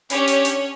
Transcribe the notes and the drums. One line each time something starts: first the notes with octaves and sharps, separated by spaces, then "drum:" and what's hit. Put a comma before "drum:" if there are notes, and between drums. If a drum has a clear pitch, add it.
C#4 D4 G4 C#5, drum: hi-hat
drum: hi-hat
drum: hi-hat